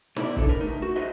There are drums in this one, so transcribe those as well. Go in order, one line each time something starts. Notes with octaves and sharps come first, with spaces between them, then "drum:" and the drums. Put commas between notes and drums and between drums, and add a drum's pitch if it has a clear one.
B2 E4 D5, drum: snare
C#3 D4 A4, drum: kick
A#4 B4
A3 D#4
F#4
D#4 G#4 B4 C5 D#5 E5